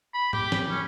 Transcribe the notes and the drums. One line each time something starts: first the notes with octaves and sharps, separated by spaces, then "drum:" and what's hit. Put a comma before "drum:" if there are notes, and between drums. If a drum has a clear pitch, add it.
B5
G4, drum: tom G#2
drum: snare
C#4